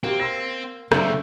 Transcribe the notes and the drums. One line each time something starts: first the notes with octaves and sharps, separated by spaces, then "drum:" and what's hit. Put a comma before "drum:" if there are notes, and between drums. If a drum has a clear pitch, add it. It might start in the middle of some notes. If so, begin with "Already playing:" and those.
A#3 C4 F#4 G4
C6 E6 A#6
F#2 C#3 A3 A#3 C4 D4, drum: rim click